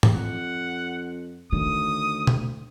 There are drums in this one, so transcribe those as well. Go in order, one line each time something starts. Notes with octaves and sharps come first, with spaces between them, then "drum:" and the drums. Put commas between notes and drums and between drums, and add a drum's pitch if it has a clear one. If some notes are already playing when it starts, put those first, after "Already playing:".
drum: tom G#2
F2 F#5
D2 D#3 D#6
drum: tom B2